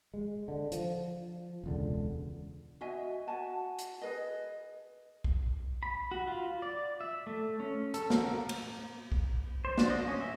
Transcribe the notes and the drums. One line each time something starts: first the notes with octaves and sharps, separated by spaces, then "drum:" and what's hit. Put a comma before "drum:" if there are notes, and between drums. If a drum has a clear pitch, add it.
G#3
D3
F3, drum: hi-hat
E1 C#2 D3
F#4 D#5 E5 G#5
F#4 F#5 G#5 A5
drum: hi-hat
G#4 B4 D#5
drum: kick B1
B5
F#4
F4
D5
E5
A3
C#4
A4, drum: hi-hat
A#4, drum: snare
drum: cymbal
drum: kick B1
C5
D4, drum: snare
D#5
C#4
E5